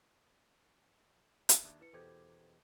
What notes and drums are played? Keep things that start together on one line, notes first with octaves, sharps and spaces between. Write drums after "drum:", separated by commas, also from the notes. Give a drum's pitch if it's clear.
drum: hi-hat
D#2 D4 E5
E4 B4 C#7
E2 B2 G4 A4 C5 G#6